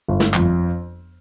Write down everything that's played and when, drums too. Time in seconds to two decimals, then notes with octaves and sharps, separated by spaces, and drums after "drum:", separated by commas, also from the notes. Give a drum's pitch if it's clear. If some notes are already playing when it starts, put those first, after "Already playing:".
0.08 G1
0.20 drum: snare
0.34 F2, drum: clap